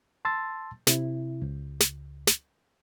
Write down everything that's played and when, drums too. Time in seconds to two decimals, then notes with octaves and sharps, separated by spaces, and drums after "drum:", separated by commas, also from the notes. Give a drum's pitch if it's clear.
0.25 A5 C6 E6 A6
0.87 C3 E4, drum: snare
1.42 C#2
1.80 drum: snare
2.27 drum: snare